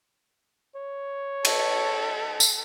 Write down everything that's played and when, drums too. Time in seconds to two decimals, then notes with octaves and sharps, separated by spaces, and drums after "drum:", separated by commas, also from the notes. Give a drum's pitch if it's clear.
0.76 C#5
1.45 A4, drum: cymbal
2.40 drum: tambourine